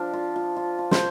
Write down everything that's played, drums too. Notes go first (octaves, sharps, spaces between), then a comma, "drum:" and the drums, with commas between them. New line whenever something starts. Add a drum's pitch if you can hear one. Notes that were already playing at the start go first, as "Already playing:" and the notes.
Already playing: F3 D4 F5
F4
F4
F4
F4
C5, drum: snare